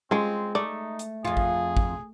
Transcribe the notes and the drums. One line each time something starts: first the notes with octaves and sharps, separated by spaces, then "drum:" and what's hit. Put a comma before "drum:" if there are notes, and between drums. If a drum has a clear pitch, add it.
G#3 C4 C#4 F4
A3 D#4 D5
drum: hi-hat
F2 F4 G#4
drum: kick
drum: kick